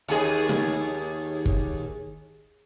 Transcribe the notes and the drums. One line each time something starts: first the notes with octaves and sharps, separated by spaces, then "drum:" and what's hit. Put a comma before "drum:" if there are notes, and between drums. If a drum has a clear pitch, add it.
D#2 G#4, drum: hi-hat
drum: snare
drum: kick